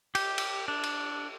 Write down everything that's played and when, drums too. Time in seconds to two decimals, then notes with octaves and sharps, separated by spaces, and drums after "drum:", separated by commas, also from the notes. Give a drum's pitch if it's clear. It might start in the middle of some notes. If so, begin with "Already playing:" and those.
0.15 G4, drum: cymbal
0.38 drum: cymbal
0.68 D4
0.83 drum: cymbal